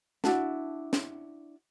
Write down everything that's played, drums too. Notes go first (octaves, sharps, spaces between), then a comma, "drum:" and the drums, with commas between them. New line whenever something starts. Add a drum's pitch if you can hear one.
D4 E4 F#4 A5, drum: snare
drum: snare